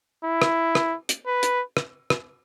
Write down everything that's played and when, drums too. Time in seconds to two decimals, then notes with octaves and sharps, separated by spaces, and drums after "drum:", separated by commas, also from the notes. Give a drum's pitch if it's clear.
0.25 E4
0.42 drum: rim click
0.75 drum: rim click
1.09 drum: hi-hat
1.27 B4
1.43 drum: hi-hat
1.77 drum: rim click
2.10 drum: rim click